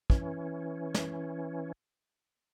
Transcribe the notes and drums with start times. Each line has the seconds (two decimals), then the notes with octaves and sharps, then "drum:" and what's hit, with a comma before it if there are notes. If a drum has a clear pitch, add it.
0.10 E3 C#4, drum: kick
0.94 drum: snare